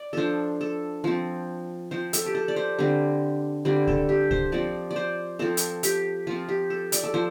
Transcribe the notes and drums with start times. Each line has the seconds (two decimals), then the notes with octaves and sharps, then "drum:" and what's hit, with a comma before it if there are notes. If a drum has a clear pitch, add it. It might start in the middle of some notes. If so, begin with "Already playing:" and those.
Already playing: D5
0.13 F3 D4 A4 C5
0.61 A4
1.04 F3 C4
1.91 F3 C4 C5
2.13 A4, drum: hi-hat
2.26 G4
2.35 A4
2.48 D5
2.56 C5
2.79 D3 G3 C4
3.65 D3 G3 C4 D5
3.87 A4, drum: kick C2
4.09 G4
4.31 C5, drum: kick C2
4.52 F3 C4 D5
4.91 D5
4.96 C5
5.39 F3 C4 A4
5.57 drum: hi-hat
5.83 G4, drum: hi-hat
6.27 F3 C4 F4
6.49 G4
6.70 A4
6.92 D5, drum: hi-hat
7.04 A4
7.14 F3 C5